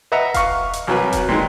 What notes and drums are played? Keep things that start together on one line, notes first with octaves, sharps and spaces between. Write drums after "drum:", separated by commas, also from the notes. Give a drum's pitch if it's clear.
B4 D#5 E5 F#5 A#5
F5 C#6, drum: kick E1, hi-hat
drum: hi-hat
C2 F#3 A#4 B4
drum: kick E1, hi-hat
A#2 D#3 G#3